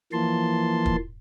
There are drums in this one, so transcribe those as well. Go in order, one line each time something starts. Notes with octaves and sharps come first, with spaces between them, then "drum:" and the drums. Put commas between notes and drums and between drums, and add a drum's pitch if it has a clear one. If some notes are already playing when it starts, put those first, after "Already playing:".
E3 F3 A#3 A5 C6
drum: kick